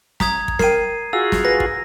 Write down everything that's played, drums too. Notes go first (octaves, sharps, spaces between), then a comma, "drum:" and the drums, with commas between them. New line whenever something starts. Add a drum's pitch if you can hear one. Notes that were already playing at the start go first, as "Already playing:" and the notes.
A#5 D#6 G#6 B6, drum: snare
drum: kick
A#4 G5 C7 D#7, drum: snare
F4 F#4 G#4 E6
drum: snare
B4 A#6
drum: kick